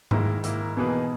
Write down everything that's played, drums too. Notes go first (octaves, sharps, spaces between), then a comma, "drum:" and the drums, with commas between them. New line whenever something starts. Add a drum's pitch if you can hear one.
G#2 D#3 A#3 E4, drum: tom G#2
D#3 A#3 E4, drum: hi-hat
B2 E3 A#3 D#4 G#4 B4